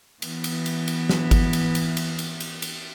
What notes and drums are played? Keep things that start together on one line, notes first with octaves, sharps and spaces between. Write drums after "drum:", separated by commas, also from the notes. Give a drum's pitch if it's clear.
E3 B3, drum: cymbal
drum: cymbal
drum: cymbal
drum: cymbal
drum: snare
drum: kick G#1, cymbal
drum: cymbal
drum: cymbal
drum: cymbal
drum: cymbal
drum: cymbal
drum: cymbal